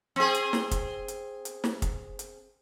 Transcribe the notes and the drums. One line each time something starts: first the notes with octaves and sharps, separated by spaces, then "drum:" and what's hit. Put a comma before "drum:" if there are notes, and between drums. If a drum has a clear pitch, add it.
C4 G#4
drum: hi-hat
drum: snare
drum: kick, hi-hat
drum: hi-hat
drum: hi-hat
drum: snare
drum: kick, hi-hat
drum: hi-hat